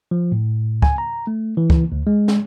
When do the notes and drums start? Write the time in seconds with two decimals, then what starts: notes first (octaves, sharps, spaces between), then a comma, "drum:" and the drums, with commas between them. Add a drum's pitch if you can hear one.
0.11 F3
0.32 A2
0.82 G#5, drum: kick
0.98 A#5
1.27 A3
1.57 E3
1.70 drum: kick
1.92 D2
2.07 G#3
2.28 drum: snare